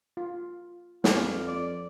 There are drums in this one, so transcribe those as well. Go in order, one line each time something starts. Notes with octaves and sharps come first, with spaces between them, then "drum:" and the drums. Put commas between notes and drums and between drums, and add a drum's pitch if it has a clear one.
F4
F2 F4 G4 A4 B4, drum: snare
D5